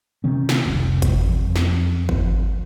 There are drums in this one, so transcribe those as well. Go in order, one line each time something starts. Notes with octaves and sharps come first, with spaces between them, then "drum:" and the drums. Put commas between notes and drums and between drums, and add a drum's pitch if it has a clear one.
C3 D#3 C4 C#4
drum: snare
F1 C2
drum: kick G1, hi-hat
F2
drum: snare
drum: kick G1